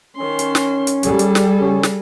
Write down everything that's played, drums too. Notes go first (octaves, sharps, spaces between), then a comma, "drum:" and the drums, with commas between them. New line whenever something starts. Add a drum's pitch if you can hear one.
D#3 C#4 C6
drum: hi-hat
drum: snare
drum: hi-hat
G3 G#4 A4, drum: hi-hat
drum: hi-hat
drum: snare
C#3 C#4
drum: snare